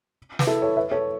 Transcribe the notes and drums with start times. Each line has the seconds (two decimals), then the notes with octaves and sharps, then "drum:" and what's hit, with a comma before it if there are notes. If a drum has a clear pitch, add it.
0.39 B4, drum: snare
0.47 E4 A4
0.62 A4 C#5
0.77 B4 E5
0.92 A4 C#5